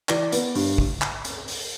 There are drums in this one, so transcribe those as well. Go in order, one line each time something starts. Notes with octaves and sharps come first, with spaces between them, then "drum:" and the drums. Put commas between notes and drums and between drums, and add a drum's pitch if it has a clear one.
E3 D5, drum: clap
B3, drum: hi-hat
G2, drum: open hi-hat
drum: kick
drum: clap
drum: hi-hat
drum: open hi-hat